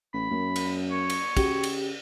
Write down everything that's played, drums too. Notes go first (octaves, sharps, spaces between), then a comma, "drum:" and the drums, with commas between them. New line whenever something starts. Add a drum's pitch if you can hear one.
A1 B5
F#2 A#3
drum: cymbal
C#5
drum: cymbal
C#3 F#4 G4, drum: kick, cymbal
drum: cymbal